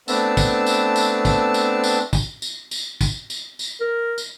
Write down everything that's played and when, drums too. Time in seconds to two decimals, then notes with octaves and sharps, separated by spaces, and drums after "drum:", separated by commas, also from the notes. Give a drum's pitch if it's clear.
0.08 A3 B3 C4 D4 A5 E6, drum: tambourine
0.37 drum: kick, tambourine
0.66 drum: tambourine
0.96 drum: tambourine
1.25 drum: kick, tambourine
1.54 drum: tambourine
1.84 drum: tambourine
2.13 drum: kick, tambourine
2.42 drum: tambourine
2.71 drum: tambourine
3.01 drum: kick, tambourine
3.30 drum: tambourine
3.59 drum: tambourine
3.80 A#4
4.18 drum: tambourine